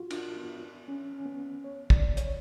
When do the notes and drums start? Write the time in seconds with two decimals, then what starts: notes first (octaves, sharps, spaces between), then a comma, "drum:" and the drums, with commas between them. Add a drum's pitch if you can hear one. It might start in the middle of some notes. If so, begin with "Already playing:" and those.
Already playing: F4 F#4
0.11 D4, drum: cymbal
0.37 B3
0.88 C#4
1.13 C#4
1.26 B3
1.64 C#5
1.90 D5, drum: kick
2.17 C#5, drum: hi-hat